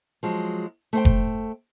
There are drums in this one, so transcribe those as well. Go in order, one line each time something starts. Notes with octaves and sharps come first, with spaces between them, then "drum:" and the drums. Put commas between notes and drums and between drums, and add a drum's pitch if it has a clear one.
F3 F#3 G#3
A3 C5 G5
drum: kick F1